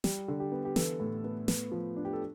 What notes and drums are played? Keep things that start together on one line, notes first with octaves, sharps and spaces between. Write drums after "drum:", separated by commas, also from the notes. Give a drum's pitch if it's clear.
G3, drum: snare
D3
G4
B3
G4
E3 A4, drum: snare
A2
B3
B3, drum: snare
F3
D4
G4
A4